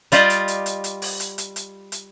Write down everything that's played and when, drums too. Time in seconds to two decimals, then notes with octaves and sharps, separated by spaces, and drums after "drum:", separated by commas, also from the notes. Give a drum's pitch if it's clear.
0.12 G3 F4 G4 D5 D#5, drum: hi-hat
0.30 drum: hi-hat
0.48 drum: hi-hat
0.66 drum: hi-hat
0.84 drum: hi-hat
1.02 drum: open hi-hat
1.20 drum: hi-hat
1.38 drum: hi-hat
1.56 drum: hi-hat
1.92 drum: hi-hat